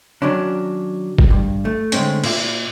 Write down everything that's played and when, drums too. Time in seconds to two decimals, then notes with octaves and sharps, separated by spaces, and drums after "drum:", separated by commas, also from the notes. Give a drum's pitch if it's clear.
0.22 D#3 F#3 C#4 D4
1.18 drum: kick
1.30 G2
1.65 A3
1.92 D3 G#3 A3 C4 C#4, drum: hi-hat
2.24 A#2 E5, drum: cymbal